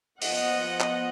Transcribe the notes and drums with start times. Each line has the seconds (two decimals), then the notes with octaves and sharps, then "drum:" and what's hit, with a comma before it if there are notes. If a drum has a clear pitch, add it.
0.22 F3 B3 D#5 F#5, drum: open hi-hat
0.80 drum: clap